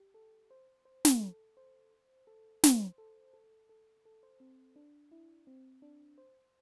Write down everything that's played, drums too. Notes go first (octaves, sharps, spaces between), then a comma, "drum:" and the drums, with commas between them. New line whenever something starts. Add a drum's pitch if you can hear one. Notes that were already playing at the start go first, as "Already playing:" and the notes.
Already playing: G4
A4
C5
C5
drum: snare
A4
C5
A4
C5, drum: snare
A4
A4
A4
A4
C5
C4
D4
E4
C4
D4
C5